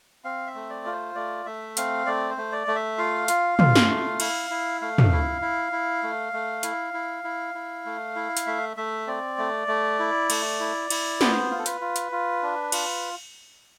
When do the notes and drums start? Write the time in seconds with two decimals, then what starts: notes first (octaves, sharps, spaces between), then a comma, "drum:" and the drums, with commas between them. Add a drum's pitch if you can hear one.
0.24 C4 F5
0.47 E5
0.55 A3
0.70 D5
0.85 F4
0.92 C5
1.15 A3 D5
1.46 A3 E5
1.77 C4 F5, drum: hi-hat
2.06 A3 D5
2.30 C5
2.37 A3
2.52 D5
2.67 A3
2.75 E5
2.98 F4 F5
3.28 F4, drum: hi-hat
3.59 F4, drum: tom
3.75 drum: snare
3.90 A3
4.20 E4, drum: cymbal
4.50 E4
4.81 A3 F5
4.98 drum: tom
5.12 E4
5.42 E4
5.72 E4
6.03 A3
6.33 A3
6.63 E4, drum: hi-hat
6.94 E4
7.24 E4
7.54 E4
7.85 A3
8.16 E4
8.37 drum: hi-hat
8.47 A3 E5
8.77 A3 E5
9.07 C4 D5
9.38 A3
9.68 A3
9.99 E4
10.30 A3, drum: cymbal
10.60 E4
10.90 E4, drum: cymbal
11.21 B3 C5, drum: snare
11.51 F4
11.58 A4
11.66 B4, drum: hi-hat
11.81 F4
11.96 drum: hi-hat
12.12 F4
12.43 D4
12.72 F4, drum: cymbal